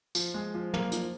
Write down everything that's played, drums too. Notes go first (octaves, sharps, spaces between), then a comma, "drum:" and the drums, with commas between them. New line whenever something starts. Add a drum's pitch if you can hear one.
F3, drum: tambourine
G#3
F3
A#3, drum: tom
F3, drum: hi-hat